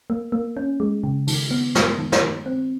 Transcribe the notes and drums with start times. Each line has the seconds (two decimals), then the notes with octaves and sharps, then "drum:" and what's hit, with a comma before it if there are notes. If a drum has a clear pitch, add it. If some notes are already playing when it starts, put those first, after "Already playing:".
0.10 A#3
0.32 A#3
0.57 C#4
0.80 G#3
1.04 C#3
1.27 D#3, drum: open hi-hat
1.51 B3
1.75 G#3, drum: snare
1.98 D#3
2.12 drum: snare
2.22 D#3
2.46 C4